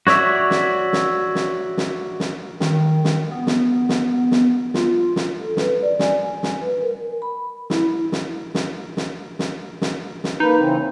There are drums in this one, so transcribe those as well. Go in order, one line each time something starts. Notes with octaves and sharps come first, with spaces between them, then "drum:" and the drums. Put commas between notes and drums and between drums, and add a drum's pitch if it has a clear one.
F#4 C#5 D5 E5, drum: snare
drum: snare
drum: snare
drum: snare
drum: snare
drum: snare
D#3, drum: snare
drum: snare
B3
drum: snare
drum: snare
drum: snare
F4, drum: snare
drum: snare
A4
B4, drum: snare
D5
G#5, drum: snare
drum: snare
B4
A#4
B5
E4, drum: snare
drum: snare
drum: snare
drum: snare
drum: snare
drum: snare
drum: snare
A#3 D#4 B4
C#3 E3 C4